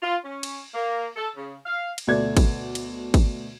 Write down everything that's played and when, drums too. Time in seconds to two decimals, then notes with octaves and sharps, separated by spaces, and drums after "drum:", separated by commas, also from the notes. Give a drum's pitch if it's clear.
0.02 F4
0.24 C#4
0.43 drum: cymbal
0.75 A#3
1.15 A4
1.35 C#3
1.65 F5
1.98 drum: cymbal
2.07 D2 B2 A3 D5 G#6
2.37 drum: kick, cymbal
2.75 drum: cymbal
3.14 drum: kick, cymbal